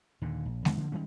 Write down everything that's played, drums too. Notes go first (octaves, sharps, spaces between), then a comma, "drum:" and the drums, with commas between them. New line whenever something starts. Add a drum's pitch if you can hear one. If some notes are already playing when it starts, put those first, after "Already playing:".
D#2 A#2 D3
A#1
E2 D3 F3 B3, drum: snare G#3
D3 F3 A#3
D#3 G3 G#3 C#4